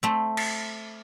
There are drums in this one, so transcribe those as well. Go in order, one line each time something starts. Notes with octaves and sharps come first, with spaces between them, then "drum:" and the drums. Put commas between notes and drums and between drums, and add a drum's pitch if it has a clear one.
A3 C4
drum: cymbal